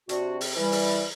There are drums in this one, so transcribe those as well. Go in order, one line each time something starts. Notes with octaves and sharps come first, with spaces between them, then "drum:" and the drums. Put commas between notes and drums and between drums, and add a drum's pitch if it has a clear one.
C3 D4 F#4, drum: hi-hat
drum: open hi-hat
E3 G3
drum: open hi-hat